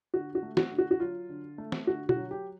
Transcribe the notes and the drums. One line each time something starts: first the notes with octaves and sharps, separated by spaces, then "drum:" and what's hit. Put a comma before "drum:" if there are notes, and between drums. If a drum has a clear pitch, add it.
D3 F#4
F#4
A3
F#4, drum: snare
D3
F#4
F#4
F#3 F4
D3
A3
drum: snare
D3 F#4
F#4, drum: tom B2
F#3
G4